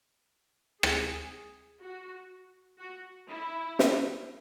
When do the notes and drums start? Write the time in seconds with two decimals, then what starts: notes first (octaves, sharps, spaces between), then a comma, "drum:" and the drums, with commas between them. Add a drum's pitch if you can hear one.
0.83 G#4, drum: rim click
1.81 F#4
2.79 F#4
3.29 E4
3.79 drum: snare